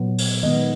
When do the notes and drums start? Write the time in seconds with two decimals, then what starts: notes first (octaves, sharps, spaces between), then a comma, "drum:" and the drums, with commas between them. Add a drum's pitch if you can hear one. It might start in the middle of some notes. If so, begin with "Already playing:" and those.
Already playing: A#2 F#3 B3
0.18 drum: open hi-hat
0.43 D#3 G#3 B3 D#5